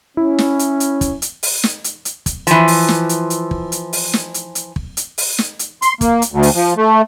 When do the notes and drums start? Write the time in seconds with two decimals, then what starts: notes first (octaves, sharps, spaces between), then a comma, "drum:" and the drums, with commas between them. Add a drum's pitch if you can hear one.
0.17 C#4 E4
0.39 drum: snare
0.59 drum: hi-hat
0.80 drum: hi-hat
1.01 drum: kick, hi-hat
1.22 drum: hi-hat
1.43 drum: open hi-hat
1.63 drum: snare
1.84 drum: hi-hat
2.05 drum: hi-hat
2.26 drum: kick, hi-hat
2.47 E3 F3, drum: hi-hat
2.68 drum: open hi-hat
2.88 drum: snare
3.09 drum: hi-hat
3.30 drum: hi-hat
3.51 drum: kick
3.72 drum: hi-hat
3.93 drum: open hi-hat
4.13 drum: snare
4.34 drum: hi-hat
4.55 drum: hi-hat
4.76 drum: kick
4.97 drum: hi-hat
5.18 drum: open hi-hat
5.38 drum: snare
5.59 drum: hi-hat
5.82 C6, drum: hi-hat
6.01 A#3, drum: kick, hi-hat
6.22 drum: hi-hat
6.32 D2
6.43 drum: open hi-hat
6.55 F3
6.77 A3